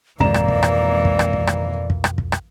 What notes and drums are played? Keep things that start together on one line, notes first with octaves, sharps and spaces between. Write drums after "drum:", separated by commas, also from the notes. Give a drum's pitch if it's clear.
G#1 F2 B2 E3 A#3 D5 A#5 E7, drum: kick
drum: rim click
drum: kick
drum: rim click
drum: kick
drum: rim click
drum: kick
drum: rim click
drum: kick
drum: rim click
drum: kick
drum: rim click